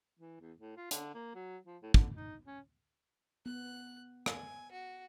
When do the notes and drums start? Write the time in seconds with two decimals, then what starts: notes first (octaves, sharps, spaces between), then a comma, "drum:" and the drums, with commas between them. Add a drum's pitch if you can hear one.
0.19 E3
0.40 E2
0.58 A2
0.77 F4
0.91 D3, drum: hi-hat
1.14 A#3
1.35 F#3
1.66 F3
1.82 A2
1.94 D3, drum: kick
2.15 D#4
2.47 C#4
3.46 B3 F#6
4.26 G#5, drum: rim click
4.72 F#4